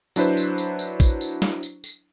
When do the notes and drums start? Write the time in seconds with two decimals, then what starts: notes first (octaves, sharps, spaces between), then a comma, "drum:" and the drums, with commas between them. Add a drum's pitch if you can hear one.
0.16 F#3 D4 E4 B4 C5, drum: tambourine
0.37 drum: tambourine
0.58 drum: tambourine
0.79 drum: tambourine
1.00 drum: kick, tambourine
1.21 drum: tambourine
1.42 drum: snare
1.63 drum: tambourine
1.84 drum: tambourine